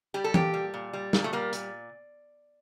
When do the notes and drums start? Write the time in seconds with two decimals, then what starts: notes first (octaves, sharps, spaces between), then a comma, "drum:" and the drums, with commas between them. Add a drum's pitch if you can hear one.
0.14 G3 G4
0.24 A4
0.34 A#2 G4, drum: tom
0.54 G3
0.74 A#2
0.93 G3
1.13 A#2, drum: snare
1.24 A3
1.33 G3 A#3
1.53 A#2, drum: hi-hat